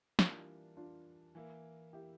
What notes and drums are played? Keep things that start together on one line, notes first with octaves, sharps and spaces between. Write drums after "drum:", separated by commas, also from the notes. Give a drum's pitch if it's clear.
E3 G3 A#3 D4 F4, drum: snare
D4 F4
E3 A#3 E4
E4 G4